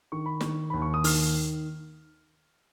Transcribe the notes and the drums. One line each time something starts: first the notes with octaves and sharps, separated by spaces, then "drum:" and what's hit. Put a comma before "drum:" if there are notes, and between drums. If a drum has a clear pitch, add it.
D#3 C#6
B5
D#3 C#6, drum: snare
D#2 B5
C#6
D#6
D#3 F6, drum: open hi-hat